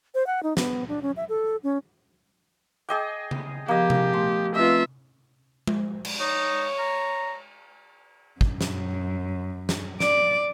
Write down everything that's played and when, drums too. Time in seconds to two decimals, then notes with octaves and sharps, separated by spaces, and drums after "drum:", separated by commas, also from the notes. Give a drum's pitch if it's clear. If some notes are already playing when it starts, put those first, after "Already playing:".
0.15 C5
0.27 F#5
0.43 D#4
0.57 B3, drum: snare
0.88 D4
1.02 C#4
1.16 E5
1.29 A4
1.63 C#4
2.89 G#4 D#5 G5 D6
3.31 drum: tom C#3
3.68 F3 A#3 B3 G4 D#5
3.90 drum: tom C3
4.13 A3 F5 C6
4.55 A3 C4 F4 B4 D#5 E5
5.67 drum: tom G#3
6.05 drum: cymbal
6.20 D#4 C#5
6.79 A#5
8.41 F#2, drum: kick
8.61 drum: snare
9.69 drum: snare
10.00 D5, drum: snare